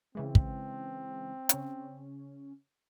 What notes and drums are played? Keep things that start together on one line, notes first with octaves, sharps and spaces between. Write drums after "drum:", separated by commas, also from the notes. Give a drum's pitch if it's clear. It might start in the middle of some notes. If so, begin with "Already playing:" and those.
C#3 E3 G#3 C4
drum: kick
C#3 C#4, drum: hi-hat